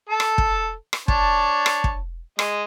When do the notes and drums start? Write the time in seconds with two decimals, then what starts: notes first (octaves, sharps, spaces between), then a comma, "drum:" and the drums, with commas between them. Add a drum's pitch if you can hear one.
0.09 A4 A5
0.20 drum: rim click
0.38 drum: kick
0.93 drum: rim click
1.08 D4 C#5 A5, drum: kick
1.66 drum: rim click
1.84 drum: kick
2.39 G#3 D#5, drum: rim click